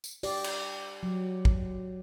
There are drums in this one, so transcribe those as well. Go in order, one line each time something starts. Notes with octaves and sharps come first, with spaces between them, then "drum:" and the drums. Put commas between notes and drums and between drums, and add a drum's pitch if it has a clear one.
drum: tambourine
G4 D5, drum: open hi-hat
drum: cymbal
F#3
drum: kick